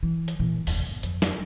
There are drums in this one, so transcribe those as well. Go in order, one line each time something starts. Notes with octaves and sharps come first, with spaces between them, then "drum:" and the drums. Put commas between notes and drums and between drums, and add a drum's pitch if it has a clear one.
E3
drum: hi-hat
A#2 E3
F1 D#2, drum: open hi-hat
G1
F2, drum: hi-hat
drum: snare